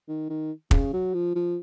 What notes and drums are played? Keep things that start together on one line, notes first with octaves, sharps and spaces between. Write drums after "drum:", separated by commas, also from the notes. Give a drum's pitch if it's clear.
D#3
D#3
C#3, drum: kick
F#3
F3
F3